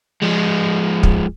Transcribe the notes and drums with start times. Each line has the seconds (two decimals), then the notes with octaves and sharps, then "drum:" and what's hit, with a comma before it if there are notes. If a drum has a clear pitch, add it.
0.22 F3 G#3
1.03 drum: kick